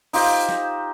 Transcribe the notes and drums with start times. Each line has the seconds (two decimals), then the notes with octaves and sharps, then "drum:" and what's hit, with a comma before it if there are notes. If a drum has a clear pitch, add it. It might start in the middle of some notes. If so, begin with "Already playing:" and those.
0.13 D#4 F4 G4 C5, drum: open hi-hat
0.49 drum: snare